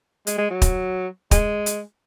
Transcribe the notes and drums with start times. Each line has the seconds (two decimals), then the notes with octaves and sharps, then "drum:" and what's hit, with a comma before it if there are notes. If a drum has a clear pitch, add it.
0.27 G#3, drum: hi-hat
0.38 G#3
0.50 F#3
0.62 drum: kick, hi-hat
1.31 G#3, drum: kick, hi-hat
1.66 drum: hi-hat